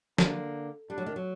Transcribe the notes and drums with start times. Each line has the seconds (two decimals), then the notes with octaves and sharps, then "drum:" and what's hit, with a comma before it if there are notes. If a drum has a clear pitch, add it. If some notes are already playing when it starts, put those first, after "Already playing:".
0.18 D3 A#3, drum: snare
0.90 G3 D4
0.98 F#3
1.06 D#3
1.16 F#3